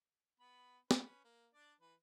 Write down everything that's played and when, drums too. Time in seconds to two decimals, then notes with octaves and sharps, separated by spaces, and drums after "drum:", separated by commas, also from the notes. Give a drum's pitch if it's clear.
0.40 B3 B5
0.91 C#4 B4, drum: snare
1.24 A#3
1.54 D4 D5
1.81 E3 B4